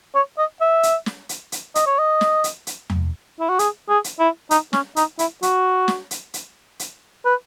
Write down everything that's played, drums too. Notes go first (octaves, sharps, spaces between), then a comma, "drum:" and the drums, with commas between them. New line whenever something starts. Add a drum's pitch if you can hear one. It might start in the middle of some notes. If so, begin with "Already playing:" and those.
C#5
D#5
E5
drum: hi-hat
drum: snare
drum: hi-hat
drum: hi-hat
D#5, drum: hi-hat
C#5
D#5
drum: snare
drum: hi-hat
drum: hi-hat
drum: tom E2
E4
F#4
G#4, drum: hi-hat
G#4
drum: hi-hat
E4
D#4, drum: hi-hat
C#4, drum: snare
D#4, drum: hi-hat
E4, drum: hi-hat
F#4, drum: hi-hat
drum: snare
drum: hi-hat
drum: hi-hat
drum: hi-hat
B4